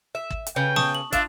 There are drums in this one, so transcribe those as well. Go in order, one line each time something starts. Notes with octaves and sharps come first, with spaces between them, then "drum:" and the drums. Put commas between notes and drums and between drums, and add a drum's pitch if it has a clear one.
E5
drum: kick
drum: hi-hat
C#3 B4 G5
A5 C#6 D#6, drum: snare
F#7
D4 F4 E5, drum: kick, hi-hat